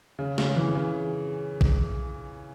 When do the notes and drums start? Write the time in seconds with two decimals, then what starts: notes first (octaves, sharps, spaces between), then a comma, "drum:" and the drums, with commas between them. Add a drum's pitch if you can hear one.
0.19 C#3
0.38 C#3, drum: snare
0.56 E3
0.75 C#3
1.61 drum: kick